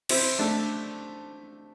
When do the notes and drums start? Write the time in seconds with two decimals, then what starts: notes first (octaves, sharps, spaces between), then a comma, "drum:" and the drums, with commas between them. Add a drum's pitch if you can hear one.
0.09 C4 E4, drum: cymbal
0.39 A3 D4